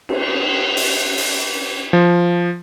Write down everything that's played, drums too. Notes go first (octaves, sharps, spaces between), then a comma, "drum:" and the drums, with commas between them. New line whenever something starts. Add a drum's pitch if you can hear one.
drum: cymbal
drum: open hi-hat
drum: open hi-hat
F3